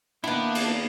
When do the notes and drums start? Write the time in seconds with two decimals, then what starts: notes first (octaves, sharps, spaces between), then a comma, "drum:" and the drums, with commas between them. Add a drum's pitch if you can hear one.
0.24 D#3 A#3 B3 D4 E4 B4
0.55 drum: cymbal